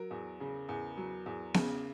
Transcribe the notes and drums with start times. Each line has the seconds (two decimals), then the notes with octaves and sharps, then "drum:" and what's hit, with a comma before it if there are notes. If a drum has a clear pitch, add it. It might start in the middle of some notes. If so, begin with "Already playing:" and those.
Already playing: F#3 A#4
0.11 E2
0.40 C#3
0.69 E2
0.97 F#3
1.26 E2
1.54 C#3, drum: snare B3